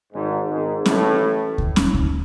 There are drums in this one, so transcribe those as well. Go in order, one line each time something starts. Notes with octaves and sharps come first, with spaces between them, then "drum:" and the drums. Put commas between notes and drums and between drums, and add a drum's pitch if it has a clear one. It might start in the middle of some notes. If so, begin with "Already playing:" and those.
G#1 G#2
G#1 G#2
A1 A2, drum: snare C#4
drum: kick D2
drum: snare C#4
drum: kick D2